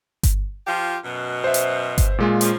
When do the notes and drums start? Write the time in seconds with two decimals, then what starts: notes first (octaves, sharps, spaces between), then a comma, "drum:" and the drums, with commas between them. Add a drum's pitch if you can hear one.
0.23 drum: kick G1, hi-hat
0.67 F3 F4 G4
1.04 F#2 B2
1.44 C5 E5
1.54 drum: hi-hat
1.98 drum: kick G1, hi-hat
2.18 A#2 G#3 F4
2.41 C#3 F3, drum: hi-hat